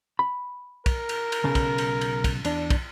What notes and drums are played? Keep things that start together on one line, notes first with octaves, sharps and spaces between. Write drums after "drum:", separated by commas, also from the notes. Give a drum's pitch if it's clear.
B5
A#4, drum: kick, cymbal
drum: cymbal
drum: cymbal
B1 C#3 A5
drum: kick, cymbal
drum: cymbal
drum: cymbal
drum: kick, cymbal
E2 D4, drum: cymbal
drum: kick, cymbal